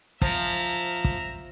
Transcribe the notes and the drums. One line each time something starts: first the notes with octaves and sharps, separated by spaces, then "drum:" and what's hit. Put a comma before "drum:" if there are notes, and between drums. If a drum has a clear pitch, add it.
F3 E5 A#5, drum: kick
drum: kick